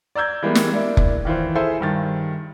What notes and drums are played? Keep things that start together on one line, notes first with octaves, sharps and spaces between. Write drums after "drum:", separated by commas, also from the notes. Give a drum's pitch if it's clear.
D5 A#5 E6 G6 G#6
E3 G3 G#3 A#3 B3 E4
drum: snare
A#3 D4 E4
drum: kick F1
D#3 E3 F4 C5
E4 G#4 A4 C5 G#5
G2 D#3 A6